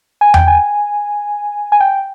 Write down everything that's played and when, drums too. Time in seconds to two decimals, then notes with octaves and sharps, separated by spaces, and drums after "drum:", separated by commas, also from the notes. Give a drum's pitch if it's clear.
0.21 G#5
0.34 G5, drum: tom E2
0.47 G#5
1.72 G#5
1.80 G5